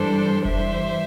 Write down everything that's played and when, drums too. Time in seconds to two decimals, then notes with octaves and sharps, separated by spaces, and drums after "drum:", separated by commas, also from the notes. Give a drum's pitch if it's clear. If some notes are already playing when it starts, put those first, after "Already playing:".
Already playing: G2 E3 G3 D4 A4 C5
0.45 G2 E3 G3 C5 E5, drum: kick F1